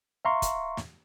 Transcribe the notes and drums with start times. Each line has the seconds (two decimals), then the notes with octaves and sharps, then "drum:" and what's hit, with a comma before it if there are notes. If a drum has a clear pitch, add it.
0.25 E5 F5 A#5 C6 C#6
0.42 drum: kick, hi-hat
0.77 drum: snare